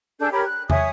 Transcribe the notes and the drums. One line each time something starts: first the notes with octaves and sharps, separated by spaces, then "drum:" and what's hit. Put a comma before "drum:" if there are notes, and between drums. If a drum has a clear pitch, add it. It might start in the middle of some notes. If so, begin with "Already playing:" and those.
D4 G#4 A4 G6
G4 A#4 C#5 B5
F#6
C#5 E5 G#5 D#6, drum: tom E2